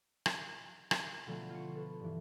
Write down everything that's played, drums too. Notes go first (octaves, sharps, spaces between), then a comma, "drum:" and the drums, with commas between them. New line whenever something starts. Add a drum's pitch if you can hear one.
drum: rim click
drum: rim click
B2 D3 F3 A3 B3
F4 C#6
A4 B4
G2 E3